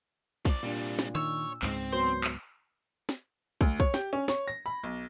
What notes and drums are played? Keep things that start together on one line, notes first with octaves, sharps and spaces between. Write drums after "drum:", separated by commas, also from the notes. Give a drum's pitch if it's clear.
F3 D5, drum: kick
C2 A#2 G3 D4
drum: snare
D#3 C#5 E6
C#2 G#2 G#3 C4, drum: clap
F#3 B3 C5
drum: clap
drum: snare
D2, drum: kick
C#5, drum: kick
G4, drum: snare
C#4
C#5, drum: snare
A#6
B5
B1, drum: hi-hat